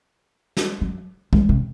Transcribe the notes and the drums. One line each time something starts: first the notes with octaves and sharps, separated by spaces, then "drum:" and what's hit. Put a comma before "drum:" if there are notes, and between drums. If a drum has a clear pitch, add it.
drum: snare
F#3
G#3, drum: kick
C3